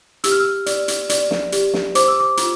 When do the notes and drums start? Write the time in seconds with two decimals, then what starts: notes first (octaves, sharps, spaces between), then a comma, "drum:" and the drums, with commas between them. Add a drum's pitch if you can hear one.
0.24 G4 E6, drum: hi-hat
0.31 F6
0.40 E6
0.66 D5, drum: hi-hat
0.88 drum: hi-hat
1.09 D5, drum: hi-hat
1.31 drum: snare
1.52 G4, drum: hi-hat
1.74 drum: snare
1.95 C5 D6, drum: hi-hat
2.08 E6
2.20 D6
2.37 F4, drum: hi-hat